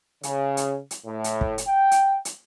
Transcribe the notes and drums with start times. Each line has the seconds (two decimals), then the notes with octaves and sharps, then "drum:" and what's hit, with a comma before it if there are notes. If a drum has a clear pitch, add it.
0.23 C#3, drum: hi-hat
0.57 drum: hi-hat
0.91 drum: hi-hat
1.06 A2
1.24 drum: hi-hat
1.41 drum: kick
1.58 drum: hi-hat
1.68 G5
1.91 drum: hi-hat
2.25 drum: hi-hat